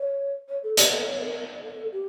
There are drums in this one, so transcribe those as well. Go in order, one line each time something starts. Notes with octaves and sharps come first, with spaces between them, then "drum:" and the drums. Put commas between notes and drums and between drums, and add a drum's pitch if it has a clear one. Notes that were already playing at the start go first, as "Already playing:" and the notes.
Already playing: C#5
C#5
A4
G4, drum: hi-hat
A4
C#5
A4
A#4
A4
G4